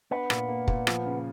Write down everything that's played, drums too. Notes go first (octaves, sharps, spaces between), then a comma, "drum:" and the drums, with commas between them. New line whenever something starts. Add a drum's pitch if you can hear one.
B3 D4
A#2, drum: rim click
A#3
A#2, drum: kick
F3, drum: rim click
C#3